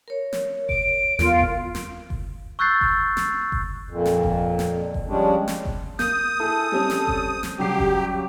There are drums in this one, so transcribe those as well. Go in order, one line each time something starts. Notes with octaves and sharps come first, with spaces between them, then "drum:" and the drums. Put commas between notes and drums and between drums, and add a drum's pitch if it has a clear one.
A#4 C#5
drum: snare
D7, drum: kick F#1
E2 B3 F4 A4 A#4, drum: snare
drum: kick F#1
drum: snare
drum: kick F#1
C#6 E6 F#6 G6 A6 C7
drum: kick F#1
drum: snare
drum: kick F#1
F2 A#2
drum: snare
drum: kick F#1
drum: snare
drum: kick F#1
F3 G3 G#3 C#4 D4
drum: snare
drum: kick F#1
A#3 D#6 G6, drum: snare
E4 G#4 A4
G3 C4 C#4
drum: snare
drum: kick F#1
drum: snare
C#3 F#3 G3 G4 C7
drum: kick F#1